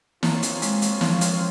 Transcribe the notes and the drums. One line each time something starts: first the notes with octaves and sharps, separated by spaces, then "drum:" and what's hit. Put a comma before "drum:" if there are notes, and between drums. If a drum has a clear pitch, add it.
A#3 C4 F4 A#4 C#5, drum: snare
drum: hi-hat
G#3, drum: hi-hat
drum: hi-hat
F3, drum: snare
drum: hi-hat